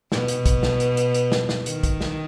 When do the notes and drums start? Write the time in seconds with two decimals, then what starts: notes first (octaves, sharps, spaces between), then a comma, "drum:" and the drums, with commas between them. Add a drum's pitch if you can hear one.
0.12 B2, drum: snare
0.28 drum: hi-hat
0.46 drum: kick, hi-hat
0.63 drum: snare
0.80 drum: hi-hat
0.97 drum: hi-hat
1.15 drum: hi-hat
1.32 drum: snare
1.49 drum: snare
1.66 D#3, drum: hi-hat
1.83 drum: kick, hi-hat
2.01 drum: snare